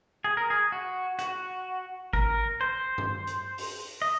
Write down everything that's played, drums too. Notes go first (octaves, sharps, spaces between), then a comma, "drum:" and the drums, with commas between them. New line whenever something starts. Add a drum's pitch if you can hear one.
G#4
A#4
G#4
F#4
F#4, drum: hi-hat
A#4, drum: kick G1
C5
drum: tom G2
drum: hi-hat
drum: open hi-hat
D#5